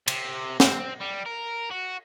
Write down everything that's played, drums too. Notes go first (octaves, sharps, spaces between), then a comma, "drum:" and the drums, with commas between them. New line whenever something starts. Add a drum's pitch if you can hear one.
C3, drum: cymbal
C4, drum: snare
G3
A#4
F#4